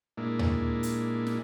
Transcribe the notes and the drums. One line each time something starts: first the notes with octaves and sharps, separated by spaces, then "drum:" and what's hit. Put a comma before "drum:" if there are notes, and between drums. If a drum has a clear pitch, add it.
A#2 G#3 A#3 D4 E4
drum: tom D#2
drum: hi-hat
drum: snare